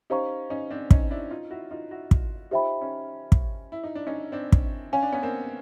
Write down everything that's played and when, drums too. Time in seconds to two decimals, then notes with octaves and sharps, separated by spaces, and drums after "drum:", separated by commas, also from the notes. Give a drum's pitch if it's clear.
0.10 C#4 D#4 G4 C5 F5 A#5 C#6
0.50 C#4 D#4
0.71 C4 D4
0.91 C#4 D#4, drum: kick
1.11 D4 E4
1.31 D#4 F4
1.51 E4 F#4
1.71 D#4 F4
1.91 E4 F#4
2.11 drum: kick
2.51 D#4 F4 G4 C5 E5 G5 B5
2.81 C#4 D#4
3.32 drum: kick
3.72 E4
3.84 D#4
3.95 D4
4.07 C#4 D#4
4.32 C4 D4
4.52 drum: kick
4.93 C#4 C#5 F5 G#5
5.03 D4
5.12 B3 C#4
5.23 A#3 C4